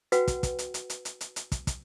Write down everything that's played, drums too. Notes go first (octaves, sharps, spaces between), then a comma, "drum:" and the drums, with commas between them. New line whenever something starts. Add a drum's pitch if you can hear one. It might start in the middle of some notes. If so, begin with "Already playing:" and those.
F#4 B4 F#5 G5, drum: hi-hat
drum: kick, hi-hat
drum: kick, hi-hat
drum: hi-hat
drum: hi-hat
drum: hi-hat
drum: hi-hat
drum: hi-hat
drum: hi-hat
drum: kick, hi-hat
drum: kick, hi-hat